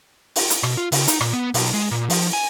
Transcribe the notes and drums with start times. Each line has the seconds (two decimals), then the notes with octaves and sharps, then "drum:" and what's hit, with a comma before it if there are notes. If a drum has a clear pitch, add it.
0.36 drum: open hi-hat
0.50 drum: hi-hat
0.63 B2, drum: rim click
0.77 F4
0.92 C#3, drum: open hi-hat
1.08 D#4, drum: hi-hat
1.21 A#2, drum: rim click
1.33 B3
1.54 B1, drum: open hi-hat
1.73 G#3
1.91 A#2
2.10 F3, drum: open hi-hat
2.33 G#5